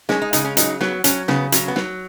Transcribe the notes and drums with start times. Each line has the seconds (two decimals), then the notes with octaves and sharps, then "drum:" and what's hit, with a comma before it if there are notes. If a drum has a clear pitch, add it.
0.09 G#3 C#4, drum: snare
0.22 D#4
0.33 C#3 D#4, drum: hi-hat
0.45 C#4
0.57 F#3 D#4, drum: hi-hat
0.81 F#3 B3, drum: snare
1.04 F#3 C#4, drum: hi-hat
1.28 C#3 B3, drum: snare
1.52 F#3 C#4, drum: hi-hat
1.68 B3
1.76 F#3, drum: snare